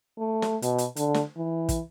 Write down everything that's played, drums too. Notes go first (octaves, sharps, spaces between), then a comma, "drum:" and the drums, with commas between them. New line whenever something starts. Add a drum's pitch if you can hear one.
A3
drum: snare
B2, drum: hi-hat
drum: hi-hat
D3, drum: hi-hat
drum: snare
E3
drum: kick, hi-hat